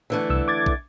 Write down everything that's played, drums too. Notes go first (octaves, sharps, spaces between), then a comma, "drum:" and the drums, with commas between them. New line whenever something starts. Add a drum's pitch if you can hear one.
D3 E3 A3
C2 E6
D6 G#6 A6
drum: kick